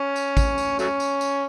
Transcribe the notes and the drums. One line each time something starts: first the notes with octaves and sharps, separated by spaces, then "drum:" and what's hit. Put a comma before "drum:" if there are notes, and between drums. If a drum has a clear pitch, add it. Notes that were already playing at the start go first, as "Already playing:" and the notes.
Already playing: C#4
drum: tambourine
drum: kick A1, tambourine
drum: tambourine
F#3 A3 C#4, drum: tambourine
drum: tambourine
drum: tambourine